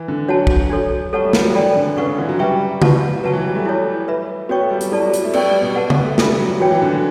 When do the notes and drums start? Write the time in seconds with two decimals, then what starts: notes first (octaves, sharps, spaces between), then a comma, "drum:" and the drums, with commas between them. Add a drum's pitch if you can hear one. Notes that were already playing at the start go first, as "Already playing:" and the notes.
Already playing: E3
0.08 D3
0.28 F#3 F#4 C#5 F#5 A5
0.47 drum: kick
0.70 D4 F#4 A4 C#5
1.13 G3 A4 C#5 F#5 A5 C#6
1.23 A3
1.33 G3, drum: snare
1.44 F#3
1.54 E3 A4 D5 G5 B5
1.76 D3
1.97 C#3 B4 F#5 C#6
2.07 D3
2.18 E3
2.29 F#3
2.39 G3 B4 E5 G5 C#6
2.82 B4 F#5 A5 C#6, drum: tom C#3
3.24 F#3 B4 F#5 A5 C#6
3.33 E3
3.45 G3
3.54 A3
3.65 E4 A4 C#5
4.08 B4 E5 B5
4.49 B3 F#4 C#5 G5 C#6
4.61 A3
4.70 G3
4.81 F#3, drum: hi-hat
4.91 G3 E4 A4 D5 A5 C#6
5.02 F#3
5.14 F#3, drum: hi-hat
5.24 A3
5.33 B3 G4 D5 G5 C#6, drum: cymbal
5.48 G3
5.62 B2
5.76 B4 F#5 A5
5.90 B3, drum: tom C#3
6.04 A3
6.18 G3 D4 A4 E5 B5, drum: snare
6.40 F#3
6.60 E3 F#4 C#5 G5
6.71 E3
6.82 D3
6.92 F#3